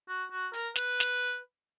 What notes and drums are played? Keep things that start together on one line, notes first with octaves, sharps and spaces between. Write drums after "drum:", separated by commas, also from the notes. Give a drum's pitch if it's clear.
F#4
F#4
A#4, drum: hi-hat
B4, drum: snare
drum: snare